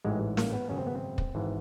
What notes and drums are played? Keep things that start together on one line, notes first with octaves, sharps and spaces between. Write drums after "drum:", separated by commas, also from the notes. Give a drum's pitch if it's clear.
A1 G#2 E3 G#3
A#3, drum: snare
B3
G#1 F#2 C#3 C#4
C4
B3
C4
drum: kick
G#1 G#2 E3